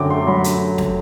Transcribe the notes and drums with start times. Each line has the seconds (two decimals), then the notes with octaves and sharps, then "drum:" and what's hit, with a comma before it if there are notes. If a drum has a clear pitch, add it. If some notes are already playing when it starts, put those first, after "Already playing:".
Already playing: F#2 D3 F#3 A3 G5 D6
0.10 A3 C6
0.27 F#3 B5
0.44 drum: hi-hat
0.78 drum: snare